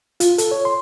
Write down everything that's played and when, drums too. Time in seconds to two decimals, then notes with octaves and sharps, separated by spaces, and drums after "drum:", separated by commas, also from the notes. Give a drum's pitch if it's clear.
0.20 F4, drum: hi-hat
0.38 A4, drum: hi-hat
0.51 C#5
0.65 C6